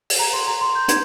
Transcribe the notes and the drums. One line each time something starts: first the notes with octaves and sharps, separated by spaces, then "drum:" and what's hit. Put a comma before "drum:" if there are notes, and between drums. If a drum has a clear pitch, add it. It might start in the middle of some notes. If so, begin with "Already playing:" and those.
drum: open hi-hat
A#5
C6
A#5
C6
G6
G#6, drum: hi-hat